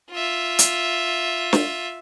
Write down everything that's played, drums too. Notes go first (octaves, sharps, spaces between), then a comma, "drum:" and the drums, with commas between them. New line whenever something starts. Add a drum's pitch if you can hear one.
F4 E5
drum: hi-hat
drum: snare